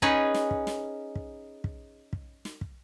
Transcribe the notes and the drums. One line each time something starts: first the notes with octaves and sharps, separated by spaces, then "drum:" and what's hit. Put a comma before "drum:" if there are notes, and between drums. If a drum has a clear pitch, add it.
C#4 D#4 G#4 B4, drum: kick
drum: snare
drum: kick
drum: snare
drum: kick
drum: kick
drum: kick
drum: snare
drum: kick